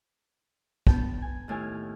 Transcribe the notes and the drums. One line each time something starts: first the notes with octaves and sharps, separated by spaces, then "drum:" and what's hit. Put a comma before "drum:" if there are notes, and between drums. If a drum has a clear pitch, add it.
B3 G5 A5, drum: kick
G#5
D#2 A2 E4 G#5 F6